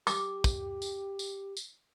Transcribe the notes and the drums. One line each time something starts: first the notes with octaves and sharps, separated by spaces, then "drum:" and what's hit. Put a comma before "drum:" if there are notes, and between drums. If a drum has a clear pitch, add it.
G4 D6, drum: tambourine
drum: kick, tambourine
drum: tambourine
drum: tambourine
drum: tambourine